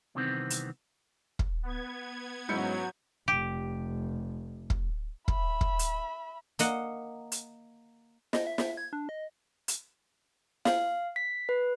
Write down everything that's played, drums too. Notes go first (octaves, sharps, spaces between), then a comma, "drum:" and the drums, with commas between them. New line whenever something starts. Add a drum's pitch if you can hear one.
C2 C3 D#3 E3 B3 C4
drum: hi-hat
drum: kick
B3 G#6
G#2 F#3 C#4 E4 G6 C#7
F1 G4
drum: kick
E5 B5, drum: kick
drum: kick
drum: hi-hat
A#3 D#5 F#5, drum: hi-hat
drum: hi-hat
D#5, drum: snare
E5
E5, drum: snare
G#6
D4
D#5
drum: hi-hat
F5, drum: snare
B6
B4